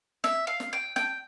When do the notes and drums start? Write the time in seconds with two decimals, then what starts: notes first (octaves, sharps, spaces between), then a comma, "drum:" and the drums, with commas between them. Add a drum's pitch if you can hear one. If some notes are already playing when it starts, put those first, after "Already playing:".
0.24 E5, drum: snare
0.47 F5
0.60 drum: snare
0.73 G5
0.96 G5, drum: snare